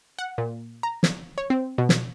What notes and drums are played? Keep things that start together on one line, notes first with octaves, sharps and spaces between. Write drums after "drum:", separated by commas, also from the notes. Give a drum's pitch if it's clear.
F#5
A#2
A#5
drum: snare
C#5
C4
B2
drum: snare